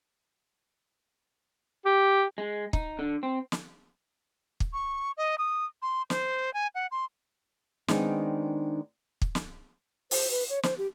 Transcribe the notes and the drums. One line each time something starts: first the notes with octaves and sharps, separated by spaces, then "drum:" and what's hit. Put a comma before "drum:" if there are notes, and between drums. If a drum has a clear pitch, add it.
G4
G#3
D#4, drum: kick
D3
C4
drum: snare
drum: kick
C#6
D#5
D#6
C6
C5, drum: snare
G#5
F#5
C6
D#3 G#3 B3 C4 D4 D#4, drum: snare
drum: kick
drum: snare
C5, drum: open hi-hat
B4
C#5
C5, drum: snare
G4